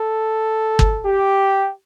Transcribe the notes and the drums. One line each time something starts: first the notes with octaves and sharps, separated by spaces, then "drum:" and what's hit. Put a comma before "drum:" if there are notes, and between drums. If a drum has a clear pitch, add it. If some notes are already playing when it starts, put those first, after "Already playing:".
Already playing: A4
drum: kick
G4